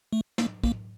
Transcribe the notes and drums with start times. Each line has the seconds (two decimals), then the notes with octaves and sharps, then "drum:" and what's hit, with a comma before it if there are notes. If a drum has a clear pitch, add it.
0.13 A3
0.38 A#3, drum: snare
0.64 A#3, drum: kick